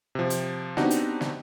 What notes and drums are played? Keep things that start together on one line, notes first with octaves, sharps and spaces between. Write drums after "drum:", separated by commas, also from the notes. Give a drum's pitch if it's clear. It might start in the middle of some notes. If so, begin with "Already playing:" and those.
C3 F3
drum: hi-hat
B3 C4 D4 D#4 F#4 G4, drum: snare
drum: hi-hat
drum: snare